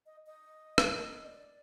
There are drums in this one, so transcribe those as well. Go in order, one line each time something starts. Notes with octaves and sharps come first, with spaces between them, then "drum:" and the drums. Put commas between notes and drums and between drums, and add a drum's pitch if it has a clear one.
D#5
D#5
drum: rim click
D5